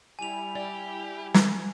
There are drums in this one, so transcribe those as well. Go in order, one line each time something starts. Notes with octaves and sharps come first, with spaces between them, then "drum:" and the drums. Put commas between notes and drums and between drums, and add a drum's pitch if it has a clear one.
G3 E4 G#5 F7
G4 D5
drum: snare